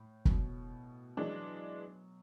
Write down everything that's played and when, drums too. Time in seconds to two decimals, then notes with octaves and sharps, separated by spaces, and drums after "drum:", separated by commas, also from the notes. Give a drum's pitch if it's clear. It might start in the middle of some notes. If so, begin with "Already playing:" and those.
Already playing: A2
0.25 B2, drum: kick
1.17 E3 F#3 G#3 D4